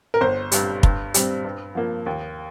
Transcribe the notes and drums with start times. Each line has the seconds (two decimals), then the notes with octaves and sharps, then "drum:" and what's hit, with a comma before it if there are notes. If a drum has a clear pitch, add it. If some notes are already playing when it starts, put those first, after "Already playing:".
0.14 A#4
0.21 G1 C5
0.52 G2 G3, drum: hi-hat
0.83 G2, drum: kick
1.14 G3 C4, drum: hi-hat
1.44 G2
1.75 F3 A#3
2.06 D#2